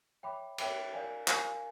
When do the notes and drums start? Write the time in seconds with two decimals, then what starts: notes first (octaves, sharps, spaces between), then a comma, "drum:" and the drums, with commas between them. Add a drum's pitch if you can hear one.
0.23 C#5 E5 G5 B5 D6
0.58 C#5 E5 G5 B5 D6, drum: cymbal
0.93 A#4 D5 F5 G#5
1.28 A#4 D5 F5 G#5, drum: clap